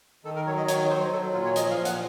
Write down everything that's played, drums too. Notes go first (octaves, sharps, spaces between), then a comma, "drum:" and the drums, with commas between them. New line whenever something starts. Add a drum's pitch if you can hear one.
D#3 A4
A#4
F#3 C#5
D#5
D#3 C#5, drum: hi-hat
F#3 C5
F#3 A4
A#2 F4
C#5
F3 D#5, drum: hi-hat
F5
A#2
F#5, drum: hi-hat